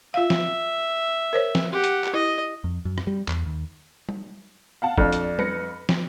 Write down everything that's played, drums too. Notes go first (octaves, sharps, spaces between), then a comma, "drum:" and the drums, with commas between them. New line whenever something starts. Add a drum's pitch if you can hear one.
F4 E5 F5
drum: snare
A#4 C5 C#5
drum: snare
G4 F#5
drum: hi-hat
drum: clap
E4 D#5
F2
F#2
drum: rim click
G3
E2, drum: clap
D#2
drum: tom
F5 F#5 A5
F2 D4, drum: kick
drum: hi-hat
B4 A#6 C#7, drum: tom
drum: snare